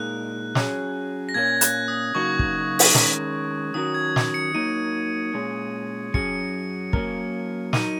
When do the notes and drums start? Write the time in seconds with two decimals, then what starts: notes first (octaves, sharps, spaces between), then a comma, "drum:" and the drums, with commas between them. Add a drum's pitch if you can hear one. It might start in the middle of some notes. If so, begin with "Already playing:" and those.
Already playing: A#2 G#3 D#4 A#4 F#6
0.55 F#3 C#4 G#4, drum: snare
1.29 A#6
1.34 A#2 A#3 C#4 G#6
1.61 F#6, drum: hi-hat
1.88 D#6
2.15 C#3 F#3 A#3 D#4 F#4 C#6
2.39 drum: kick
2.79 drum: open hi-hat
2.95 D#3 G#3 C#4 A#4, drum: snare
3.74 D#3 F#3 C#4 F#4 A#4 D#6
3.94 G#6
4.16 drum: snare
4.34 C#7
4.54 F#3 A#3 D#4 A#4 D#7
5.34 A#2 G#3 C#4
6.14 F#2 F#3 C#4 G#4 C#7, drum: kick
6.93 F#3 A#3 C#4 A#4, drum: kick
7.73 F#3 D#4 A#4 D#7, drum: snare